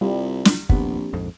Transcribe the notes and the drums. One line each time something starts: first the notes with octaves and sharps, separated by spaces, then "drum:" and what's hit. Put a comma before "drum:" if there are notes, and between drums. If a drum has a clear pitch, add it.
C2 G3 F4
drum: snare
D#1 A#1 B3 C4 G4, drum: kick
A#1 F2 G#2